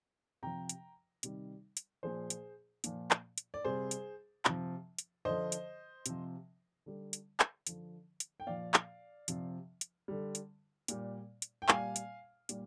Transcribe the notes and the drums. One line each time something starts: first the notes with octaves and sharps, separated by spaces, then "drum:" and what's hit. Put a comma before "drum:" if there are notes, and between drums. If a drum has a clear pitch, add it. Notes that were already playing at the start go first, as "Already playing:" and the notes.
C3 F3 G5 A#5
drum: hi-hat
C3 D#3 G3, drum: hi-hat
drum: hi-hat
A#2 F3 G#4 C5
drum: hi-hat
A#2 F3, drum: hi-hat
drum: clap
drum: hi-hat
D5
C3 G3 G#4 C5
drum: hi-hat
C3 F3, drum: clap
drum: hi-hat
D3 F3 C5 D#5
drum: hi-hat
C3 F3, drum: hi-hat
D3 G3
drum: hi-hat
drum: clap
D3 F3, drum: hi-hat
drum: hi-hat
G5
A#2 F3 D5 F5
drum: clap
C3 F3, drum: hi-hat
drum: hi-hat
D3 G3
drum: hi-hat
A#2 G3, drum: hi-hat
drum: hi-hat
G5
A#2 G3 F5 G#5, drum: clap
drum: hi-hat
A#2 G3, drum: hi-hat